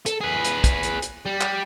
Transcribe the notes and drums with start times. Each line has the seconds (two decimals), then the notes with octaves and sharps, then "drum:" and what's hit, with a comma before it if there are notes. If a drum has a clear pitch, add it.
0.06 A4, drum: hi-hat
0.21 G#4 B4
0.45 drum: hi-hat
0.64 drum: kick, hi-hat
0.83 drum: hi-hat
1.02 drum: hi-hat
1.26 G3
1.41 drum: clap